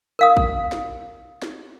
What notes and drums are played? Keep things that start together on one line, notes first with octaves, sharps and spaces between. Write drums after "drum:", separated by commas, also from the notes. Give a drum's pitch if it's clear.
A#4 F5 D#6
drum: kick
drum: snare
drum: snare